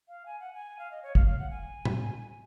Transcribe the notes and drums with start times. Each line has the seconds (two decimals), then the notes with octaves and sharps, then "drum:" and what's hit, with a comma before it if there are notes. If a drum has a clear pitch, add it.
0.08 F5
0.26 G#5
0.40 F#5
0.54 G#5
0.79 F5
0.91 D#5
1.03 C#5
1.15 F5, drum: kick
1.27 F5
1.39 F#5
1.51 G#5
1.85 drum: tom